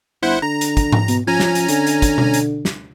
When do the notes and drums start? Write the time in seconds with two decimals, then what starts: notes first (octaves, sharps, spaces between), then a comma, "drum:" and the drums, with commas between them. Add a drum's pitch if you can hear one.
0.23 G1 E4 C5 F#5
0.42 D3 A#5
0.61 drum: hi-hat
0.77 drum: kick, hi-hat
0.92 drum: tom G#2
1.08 B2, drum: hi-hat
1.27 F3 C#4 G#5 A#5
1.40 drum: snare
1.55 drum: hi-hat
1.68 D3, drum: hi-hat
1.87 drum: hi-hat
2.02 drum: kick, hi-hat
2.18 drum: tom B2
2.34 drum: hi-hat
2.65 drum: snare